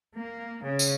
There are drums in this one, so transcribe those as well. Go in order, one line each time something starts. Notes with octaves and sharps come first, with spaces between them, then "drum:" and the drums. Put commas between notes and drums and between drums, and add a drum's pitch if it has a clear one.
A#3
C#3
drum: tambourine